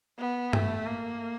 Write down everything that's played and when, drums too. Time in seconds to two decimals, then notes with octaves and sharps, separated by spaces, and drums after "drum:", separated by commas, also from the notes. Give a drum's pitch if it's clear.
0.19 B3
0.53 A3, drum: tom G2
0.87 A#3